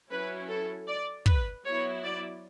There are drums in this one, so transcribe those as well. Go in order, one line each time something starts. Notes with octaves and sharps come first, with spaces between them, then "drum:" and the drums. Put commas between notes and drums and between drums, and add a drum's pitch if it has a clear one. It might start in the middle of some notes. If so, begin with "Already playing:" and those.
F#3 C#4 E4 B4
A4
D5
B4, drum: kick
F#3 B3 E4 C#5
D5